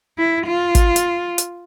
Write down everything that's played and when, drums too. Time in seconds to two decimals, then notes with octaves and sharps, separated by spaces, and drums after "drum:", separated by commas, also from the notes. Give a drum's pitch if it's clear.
0.19 E4
0.46 F4
0.75 drum: kick, hi-hat
0.96 drum: hi-hat
1.38 drum: hi-hat